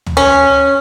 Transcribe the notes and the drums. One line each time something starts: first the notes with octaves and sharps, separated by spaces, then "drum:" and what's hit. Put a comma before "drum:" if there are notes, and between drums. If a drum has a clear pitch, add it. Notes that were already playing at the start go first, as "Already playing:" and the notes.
drum: tom
C#4